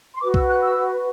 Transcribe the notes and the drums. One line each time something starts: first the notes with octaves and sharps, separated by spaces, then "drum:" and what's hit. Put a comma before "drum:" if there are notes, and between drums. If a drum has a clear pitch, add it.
C6
F#4 B4 D6
E6, drum: kick
F#6
E6